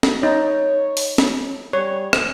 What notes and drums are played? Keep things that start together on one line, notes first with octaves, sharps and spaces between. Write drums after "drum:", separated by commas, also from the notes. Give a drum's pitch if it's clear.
drum: snare
D#4 C#5
drum: open hi-hat
drum: snare
G3 C#5
drum: rim click